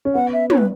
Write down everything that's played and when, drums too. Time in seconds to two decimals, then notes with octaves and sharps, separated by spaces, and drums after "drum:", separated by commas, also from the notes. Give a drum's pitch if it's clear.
0.05 C#4
0.15 B3 F#5
0.33 E5
0.50 C#5, drum: tom
0.58 B4